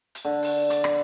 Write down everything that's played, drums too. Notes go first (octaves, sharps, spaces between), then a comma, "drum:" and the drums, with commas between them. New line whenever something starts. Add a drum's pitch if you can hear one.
drum: hi-hat
D3
drum: open hi-hat
D5, drum: hi-hat
drum: rim click